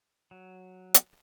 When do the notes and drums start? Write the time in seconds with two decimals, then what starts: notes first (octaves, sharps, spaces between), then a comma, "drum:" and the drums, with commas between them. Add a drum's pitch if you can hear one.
0.31 F#3
0.94 drum: hi-hat